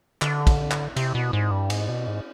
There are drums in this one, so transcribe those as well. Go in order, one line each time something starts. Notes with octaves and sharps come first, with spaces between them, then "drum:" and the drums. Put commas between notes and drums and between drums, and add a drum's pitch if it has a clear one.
D3, drum: clap
drum: kick, cymbal
drum: clap
C3, drum: cymbal
B2
G#2
G2
G#2, drum: cymbal
B2
G#2